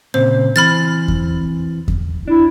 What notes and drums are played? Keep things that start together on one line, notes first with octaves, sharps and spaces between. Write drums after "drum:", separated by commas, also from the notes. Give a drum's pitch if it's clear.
A#2 C#3 C4 C5
E3 C4 B5 F6 A6
drum: kick E2
drum: kick E2
D4 E4